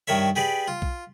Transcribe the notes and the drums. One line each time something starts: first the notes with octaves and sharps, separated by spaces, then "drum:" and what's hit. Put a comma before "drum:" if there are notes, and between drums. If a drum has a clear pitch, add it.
G2 D#3 A#4 C#5 E5
G4 G#4 B4 D5
F4
drum: kick B1